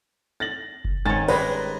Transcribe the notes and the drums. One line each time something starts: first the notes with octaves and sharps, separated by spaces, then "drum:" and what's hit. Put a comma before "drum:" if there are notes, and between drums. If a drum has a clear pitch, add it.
A6 A#6 F#7
drum: kick F#1
G#2 D#3 C#4 G#5 A6
G3 G#3 A#4 B4, drum: cymbal